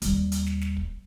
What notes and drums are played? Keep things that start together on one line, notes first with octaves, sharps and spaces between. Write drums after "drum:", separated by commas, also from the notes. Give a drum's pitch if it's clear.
D#2 G3, drum: kick, hi-hat
drum: hi-hat
drum: snare
drum: snare
drum: kick